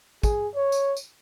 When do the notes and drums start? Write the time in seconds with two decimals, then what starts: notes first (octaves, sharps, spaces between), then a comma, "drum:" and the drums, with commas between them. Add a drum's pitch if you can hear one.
0.23 G#4, drum: kick, tambourine
0.55 C#5
0.72 drum: tambourine
0.97 drum: tambourine